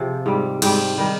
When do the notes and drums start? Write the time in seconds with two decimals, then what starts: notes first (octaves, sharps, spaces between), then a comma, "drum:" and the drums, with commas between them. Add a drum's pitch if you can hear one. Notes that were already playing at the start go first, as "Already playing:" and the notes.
Already playing: C3 F3 G#4
0.26 G#2 G3
0.62 G#2 G3 G4, drum: cymbal
0.98 D#3 G3